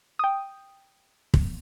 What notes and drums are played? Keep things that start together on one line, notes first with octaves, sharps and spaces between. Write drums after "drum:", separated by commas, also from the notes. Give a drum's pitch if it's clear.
G5 D#6
drum: kick